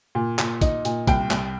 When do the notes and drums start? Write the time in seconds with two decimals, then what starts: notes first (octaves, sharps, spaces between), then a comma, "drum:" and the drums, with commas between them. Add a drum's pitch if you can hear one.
0.15 A#2
0.39 A#2, drum: clap
0.61 D#4, drum: kick, hi-hat
0.85 A#2, drum: hi-hat
1.07 C2 G5, drum: kick, hi-hat
1.31 C2, drum: clap